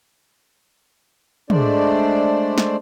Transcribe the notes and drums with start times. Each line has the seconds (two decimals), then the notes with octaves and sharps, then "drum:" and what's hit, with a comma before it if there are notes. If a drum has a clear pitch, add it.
1.50 G#3 A3 D4 C5 D5, drum: tom
2.58 drum: snare